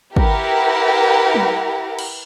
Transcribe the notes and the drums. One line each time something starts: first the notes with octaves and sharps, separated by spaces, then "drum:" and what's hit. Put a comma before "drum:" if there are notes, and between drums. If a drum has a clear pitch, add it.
E4 G4 A#4 B4 F#5 A#5, drum: kick
drum: tom F#3
drum: cymbal